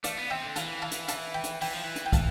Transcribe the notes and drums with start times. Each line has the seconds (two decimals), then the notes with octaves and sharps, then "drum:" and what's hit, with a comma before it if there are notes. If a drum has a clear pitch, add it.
0.04 A3 D5 F5, drum: hi-hat
0.18 B3
0.30 C4 E5 G5
0.43 D3
0.56 E3 F5 A5, drum: hi-hat
0.82 F5 A5
0.91 drum: hi-hat
1.08 F5 A5, drum: hi-hat
1.34 G5 B5
1.44 drum: hi-hat
1.61 E3 G5 B5, drum: open hi-hat
1.73 F3
1.84 E3
1.96 drum: hi-hat
2.06 G5
2.13 F5 A5, drum: kick, hi-hat